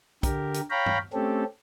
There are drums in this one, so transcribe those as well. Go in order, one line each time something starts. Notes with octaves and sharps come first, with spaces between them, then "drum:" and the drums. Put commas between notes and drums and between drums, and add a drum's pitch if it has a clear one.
D3 G4 A#4, drum: kick, hi-hat
drum: hi-hat
C#5 F5 G5 A#5 B5
drum: tom G2
A3 C4 C#4 G4 A4